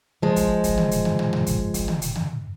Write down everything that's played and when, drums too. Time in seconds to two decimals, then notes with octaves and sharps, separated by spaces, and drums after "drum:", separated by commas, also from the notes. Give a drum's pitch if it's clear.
0.22 F3 G#3
0.36 drum: kick, hi-hat
0.64 drum: kick, hi-hat
0.78 drum: tom
0.91 drum: hi-hat
1.05 drum: tom
1.19 drum: tom
1.33 drum: tom
1.47 drum: kick, hi-hat
1.74 drum: kick, hi-hat
1.88 drum: tom
2.02 drum: hi-hat
2.15 drum: tom